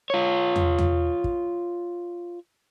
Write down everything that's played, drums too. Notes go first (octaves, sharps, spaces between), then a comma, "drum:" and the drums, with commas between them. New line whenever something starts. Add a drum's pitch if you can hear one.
F4 C#5
drum: tom
drum: tom
drum: kick